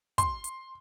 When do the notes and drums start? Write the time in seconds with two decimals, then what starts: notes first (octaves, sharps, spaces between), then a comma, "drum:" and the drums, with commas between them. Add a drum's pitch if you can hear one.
0.18 C6, drum: kick, hi-hat
0.44 drum: hi-hat